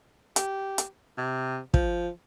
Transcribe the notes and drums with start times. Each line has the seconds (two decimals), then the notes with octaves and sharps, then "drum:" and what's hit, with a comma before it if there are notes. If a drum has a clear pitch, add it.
0.36 G4, drum: hi-hat
0.78 drum: hi-hat
1.18 C3
1.74 F3, drum: kick